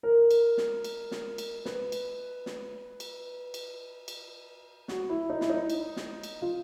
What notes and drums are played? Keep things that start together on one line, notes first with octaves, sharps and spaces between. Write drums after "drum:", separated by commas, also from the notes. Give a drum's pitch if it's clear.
A#4
drum: cymbal
drum: snare
drum: cymbal
drum: snare
drum: cymbal
B4, drum: snare
drum: cymbal
drum: snare
drum: cymbal
drum: cymbal
drum: cymbal
F#4, drum: snare
E4
D#4
E4, drum: snare
D#4
drum: cymbal
drum: snare
drum: cymbal
F4